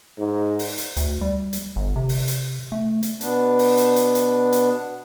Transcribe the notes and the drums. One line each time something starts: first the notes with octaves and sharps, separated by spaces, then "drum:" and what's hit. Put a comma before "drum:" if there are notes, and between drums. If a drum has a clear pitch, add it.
G#2
drum: open hi-hat
drum: hi-hat
D2, drum: hi-hat
G3
drum: hi-hat
G1
C3
drum: open hi-hat
drum: hi-hat
A3
drum: hi-hat
B2 B3 D4, drum: hi-hat
drum: open hi-hat
drum: hi-hat
drum: hi-hat
drum: hi-hat
drum: hi-hat